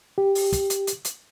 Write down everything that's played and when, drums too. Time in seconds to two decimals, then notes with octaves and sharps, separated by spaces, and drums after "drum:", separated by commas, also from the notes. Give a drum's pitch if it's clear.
0.18 G4
0.35 drum: open hi-hat
0.52 drum: kick, hi-hat
0.70 drum: hi-hat
0.87 drum: hi-hat
1.05 drum: hi-hat